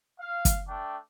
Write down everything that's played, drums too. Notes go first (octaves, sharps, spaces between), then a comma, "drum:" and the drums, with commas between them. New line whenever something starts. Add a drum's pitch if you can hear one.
F5
drum: kick, hi-hat
A3 D4 G5